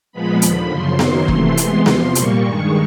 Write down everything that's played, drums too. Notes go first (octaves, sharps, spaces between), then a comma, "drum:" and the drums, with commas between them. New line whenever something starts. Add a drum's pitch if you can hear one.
A#2 F3 G#3 B3 B5
D#2 D3 F3, drum: hi-hat
F#2 C#3 F3 C6
F#2 D#3 F#3 A#3, drum: snare B3
C3 E3 A3 C6, drum: kick E1
C3 E3 G#3 B3, drum: hi-hat
E2 C3 F3, drum: snare B3
A#2 G3 A#3 C#6, drum: hi-hat
G2 D#3 G#3 C#6